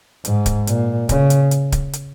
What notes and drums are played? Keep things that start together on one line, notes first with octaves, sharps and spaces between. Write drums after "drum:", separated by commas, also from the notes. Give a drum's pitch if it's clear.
G#2, drum: hi-hat
drum: kick D1, hi-hat
A#2, drum: hi-hat
C#3, drum: kick D1, hi-hat
drum: hi-hat
drum: hi-hat
drum: kick D1, hi-hat
drum: hi-hat